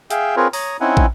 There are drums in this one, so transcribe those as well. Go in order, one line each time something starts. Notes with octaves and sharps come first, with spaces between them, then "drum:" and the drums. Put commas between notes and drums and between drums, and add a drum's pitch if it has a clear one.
G#4 E5 F5 G5, drum: hi-hat
C4 F4 G#4 A#4 B4 C#5
C#5 A#5 D#6, drum: open hi-hat
C4 C#4 D#4 E4 F#5 G#5
drum: kick